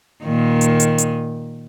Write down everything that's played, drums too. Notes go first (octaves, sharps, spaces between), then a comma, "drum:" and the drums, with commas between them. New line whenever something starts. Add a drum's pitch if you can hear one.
A#2 D#3
drum: hi-hat
drum: hi-hat
drum: hi-hat